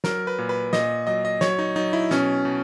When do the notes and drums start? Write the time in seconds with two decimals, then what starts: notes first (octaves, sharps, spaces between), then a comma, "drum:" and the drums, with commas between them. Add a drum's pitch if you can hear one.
0.04 F#3 A#4, drum: snare
0.27 B4
0.38 A#2
0.49 B4
0.73 A#2 D#5, drum: snare
1.07 F#3 D#5
1.25 D#5
1.41 F#3 C#5, drum: snare
1.59 D#4
1.76 F#3 D#4
1.93 E4
2.11 B2 C#4, drum: snare
2.45 B2